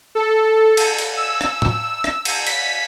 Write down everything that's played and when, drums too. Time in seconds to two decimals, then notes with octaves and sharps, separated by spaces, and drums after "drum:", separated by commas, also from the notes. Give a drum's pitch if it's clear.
0.15 A4
0.77 drum: cymbal
0.98 drum: cymbal
1.17 E6
1.41 drum: rim click
1.62 drum: tom
2.04 drum: rim click
2.25 drum: cymbal
2.47 B6, drum: cymbal